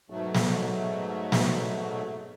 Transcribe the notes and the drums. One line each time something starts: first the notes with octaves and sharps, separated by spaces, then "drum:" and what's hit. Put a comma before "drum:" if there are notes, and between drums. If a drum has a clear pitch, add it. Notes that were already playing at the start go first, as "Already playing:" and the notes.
G#2 B2 F#3 A3
drum: snare
drum: snare